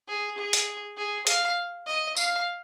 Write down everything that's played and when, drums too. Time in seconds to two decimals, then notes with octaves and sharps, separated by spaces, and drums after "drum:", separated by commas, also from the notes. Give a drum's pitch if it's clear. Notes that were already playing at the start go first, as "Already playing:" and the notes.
0.08 G#4
0.38 G#4
0.53 drum: hi-hat
0.97 G#4
1.27 F5, drum: hi-hat
1.87 D#5
2.17 F5, drum: tambourine